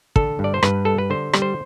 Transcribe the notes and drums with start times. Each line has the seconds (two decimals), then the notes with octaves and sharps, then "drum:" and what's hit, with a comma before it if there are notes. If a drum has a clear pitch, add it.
0.16 D3 A4, drum: kick
0.39 G2
0.44 D5
0.54 C5
0.63 G2 B4, drum: rim click
0.85 G3 A4
0.98 B4
1.10 D3 C5
1.33 G3, drum: rim click
1.42 C5